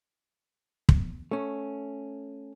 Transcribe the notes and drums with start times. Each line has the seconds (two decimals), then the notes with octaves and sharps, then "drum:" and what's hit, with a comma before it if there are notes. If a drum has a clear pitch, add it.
0.89 drum: kick
1.31 A3 C#4